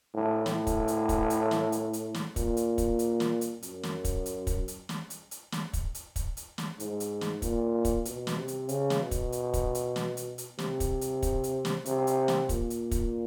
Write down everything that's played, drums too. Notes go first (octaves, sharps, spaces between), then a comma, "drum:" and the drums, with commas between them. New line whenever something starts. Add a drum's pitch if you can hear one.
A2
A2, drum: snare
drum: kick, hi-hat
drum: hi-hat
drum: kick, hi-hat
drum: hi-hat
drum: snare
drum: hi-hat
drum: hi-hat
drum: snare
A#2, drum: kick, hi-hat
drum: hi-hat
drum: kick, hi-hat
drum: hi-hat
drum: snare
drum: hi-hat
F#2, drum: hi-hat
drum: snare
drum: kick, hi-hat
drum: hi-hat
drum: kick, hi-hat
drum: hi-hat
drum: snare
drum: hi-hat
drum: hi-hat
drum: snare
drum: kick, hi-hat
drum: hi-hat
drum: kick, hi-hat
drum: hi-hat
drum: snare
G#2, drum: hi-hat
drum: hi-hat
drum: snare
A#2, drum: kick, hi-hat
drum: kick, hi-hat
B2, drum: hi-hat
drum: snare
C3
drum: hi-hat
C#3, drum: hi-hat
drum: snare
B2
drum: kick, hi-hat
drum: hi-hat
drum: kick, hi-hat
drum: hi-hat
drum: snare
drum: hi-hat
drum: hi-hat
C3, drum: snare
drum: kick, hi-hat
drum: hi-hat
drum: kick, hi-hat
drum: hi-hat
drum: snare
C3, drum: hi-hat
drum: hi-hat
drum: snare
A#2, drum: kick, hi-hat
drum: hi-hat
drum: kick, hi-hat